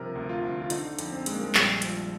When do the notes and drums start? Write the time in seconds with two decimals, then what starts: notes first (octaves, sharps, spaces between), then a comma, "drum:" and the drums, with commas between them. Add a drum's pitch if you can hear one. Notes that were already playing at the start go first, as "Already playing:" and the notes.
Already playing: G2 C3 F3 A#4
0.15 D2
0.29 F4
0.43 D2
0.62 F4
0.70 D3 D#4, drum: hi-hat
0.99 F2, drum: hi-hat
1.12 C4
1.26 F2 G#3, drum: hi-hat
1.33 A#3
1.44 G#3
1.55 A#1 G3, drum: clap
1.82 F3, drum: hi-hat